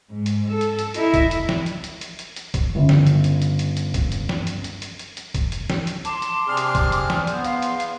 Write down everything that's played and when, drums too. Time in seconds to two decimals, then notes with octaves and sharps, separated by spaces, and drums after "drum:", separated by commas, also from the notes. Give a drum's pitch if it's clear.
0.10 G#2
0.26 drum: hi-hat
0.50 A4
0.61 drum: hi-hat
0.79 drum: hi-hat
0.94 D#4 E4, drum: hi-hat
1.14 drum: kick, hi-hat
1.31 drum: hi-hat
1.49 drum: snare
1.66 drum: hi-hat
1.84 drum: hi-hat
2.01 drum: hi-hat
2.19 drum: hi-hat
2.36 drum: hi-hat
2.54 drum: kick, hi-hat
2.75 G1 C#3
2.89 drum: snare
3.07 drum: hi-hat
3.24 drum: hi-hat
3.42 drum: hi-hat
3.59 drum: hi-hat
3.77 drum: hi-hat
3.94 drum: kick, hi-hat
4.12 drum: hi-hat
4.29 drum: snare
4.47 drum: hi-hat
4.64 drum: hi-hat
4.82 drum: hi-hat
4.99 drum: hi-hat
5.17 drum: hi-hat
5.34 drum: kick, hi-hat
5.52 drum: hi-hat
5.70 drum: snare
5.87 drum: hi-hat
6.05 A5 C6 D6, drum: hi-hat
6.22 drum: hi-hat
6.48 C3 C4 D4 G#4 F6
6.57 drum: hi-hat
6.75 drum: kick, hi-hat
6.92 drum: hi-hat
7.10 drum: snare
7.27 B3 C5, drum: hi-hat
7.44 E2 F5 C6, drum: hi-hat
7.62 drum: hi-hat
7.80 drum: hi-hat